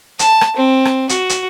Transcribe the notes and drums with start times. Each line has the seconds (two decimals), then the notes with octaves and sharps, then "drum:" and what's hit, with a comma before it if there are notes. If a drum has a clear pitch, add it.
0.19 A5, drum: hi-hat
0.41 drum: rim click
0.56 C4
0.85 drum: rim click
1.09 F#4, drum: hi-hat
1.29 drum: hi-hat